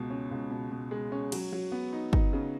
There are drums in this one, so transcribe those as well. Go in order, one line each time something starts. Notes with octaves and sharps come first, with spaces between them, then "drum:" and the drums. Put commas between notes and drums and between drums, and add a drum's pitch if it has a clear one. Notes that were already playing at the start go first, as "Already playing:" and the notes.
Already playing: C#2 B2
C#4
C#2
B2
B2
G#3
C#4
F#3, drum: cymbal
F#3
B3
D#4
D#4, drum: kick
C#3